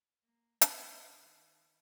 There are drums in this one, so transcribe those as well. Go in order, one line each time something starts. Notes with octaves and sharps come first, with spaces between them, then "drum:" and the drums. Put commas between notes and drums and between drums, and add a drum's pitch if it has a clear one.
A#3
G#3, drum: hi-hat
D#3